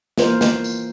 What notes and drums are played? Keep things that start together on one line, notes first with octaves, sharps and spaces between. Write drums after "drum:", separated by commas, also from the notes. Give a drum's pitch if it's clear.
E3 A#3 F4 A#4 C5, drum: snare
drum: snare
drum: tambourine